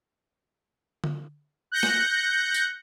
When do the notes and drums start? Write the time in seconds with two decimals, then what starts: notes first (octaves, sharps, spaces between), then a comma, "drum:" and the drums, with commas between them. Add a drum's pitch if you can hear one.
1.04 drum: tom D3
1.72 F#6 G6 A#6 C#7
1.83 drum: snare A#3
2.54 drum: tambourine